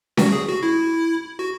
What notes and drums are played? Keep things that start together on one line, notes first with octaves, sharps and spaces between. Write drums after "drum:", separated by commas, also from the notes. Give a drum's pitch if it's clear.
F#4, drum: snare C#4
G#4
F#4
E4
F#4